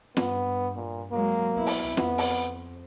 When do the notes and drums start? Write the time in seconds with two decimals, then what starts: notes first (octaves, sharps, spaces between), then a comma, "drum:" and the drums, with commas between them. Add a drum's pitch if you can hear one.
0.17 G2 B3, drum: snare
0.76 A#2
1.12 F#3 G#3 A#3
1.55 B3 E4
1.66 drum: open hi-hat
1.97 F2 B3, drum: snare
2.18 drum: open hi-hat